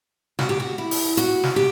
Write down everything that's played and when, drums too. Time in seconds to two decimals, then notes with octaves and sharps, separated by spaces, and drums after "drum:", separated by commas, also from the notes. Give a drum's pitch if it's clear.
0.39 F#4, drum: snare
0.49 G4
0.60 F#4
0.78 E4
0.91 drum: open hi-hat
1.17 F#4, drum: hi-hat
1.44 drum: snare
1.56 G4